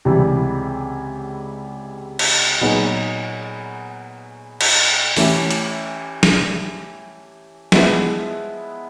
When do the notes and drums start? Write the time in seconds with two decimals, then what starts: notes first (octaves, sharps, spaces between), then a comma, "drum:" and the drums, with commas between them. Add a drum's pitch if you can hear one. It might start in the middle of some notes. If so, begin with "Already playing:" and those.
0.05 C#2 C3 E3 G3
2.19 drum: cymbal
2.61 A#2 F#3 B3 D#4 G#4
4.61 drum: cymbal
5.17 E3 A3 C#4 E4 G4, drum: open hi-hat
5.51 drum: hi-hat
6.23 drum: snare
7.72 F3 G#3 B3 E4, drum: snare